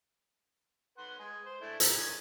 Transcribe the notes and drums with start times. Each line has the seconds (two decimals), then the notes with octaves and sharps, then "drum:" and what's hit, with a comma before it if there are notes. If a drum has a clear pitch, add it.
0.98 B4 F#5 C6
1.19 G#3 G#4
1.46 C5
1.61 A3 D4 E4
1.80 A#5, drum: hi-hat
1.95 D3 D#3 G#5